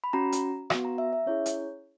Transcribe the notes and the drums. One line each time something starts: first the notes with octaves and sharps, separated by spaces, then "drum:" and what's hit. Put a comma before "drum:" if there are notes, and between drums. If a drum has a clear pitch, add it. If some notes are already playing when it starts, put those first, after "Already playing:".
B5
C#4 F#4 A#5
drum: hi-hat
B3 F#4, drum: rim click
A#5
E5
E5
C#4 E4 G#4 C#5
drum: hi-hat